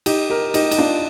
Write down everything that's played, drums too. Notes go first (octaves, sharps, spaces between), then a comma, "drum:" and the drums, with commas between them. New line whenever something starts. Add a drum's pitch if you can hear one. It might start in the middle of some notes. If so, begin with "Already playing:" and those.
D#4 G4, drum: cymbal
G4 A#4
D#4 G4, drum: cymbal
D#4, drum: cymbal
D4 F4